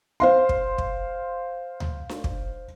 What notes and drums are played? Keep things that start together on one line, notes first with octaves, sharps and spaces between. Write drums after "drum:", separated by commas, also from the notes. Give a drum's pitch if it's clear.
C5 F5 C6
drum: kick
drum: kick
drum: tom D2
drum: snare D4
drum: kick